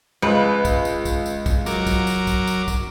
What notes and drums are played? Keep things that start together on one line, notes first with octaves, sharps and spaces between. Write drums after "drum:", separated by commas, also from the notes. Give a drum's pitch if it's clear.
C#2 B4
drum: kick, tambourine
drum: tambourine
drum: kick, tambourine
drum: tambourine
drum: kick, tambourine
F#3 A#4 D6, drum: tambourine
drum: kick, tambourine
drum: tambourine
drum: kick, tambourine
drum: tambourine
drum: kick, tambourine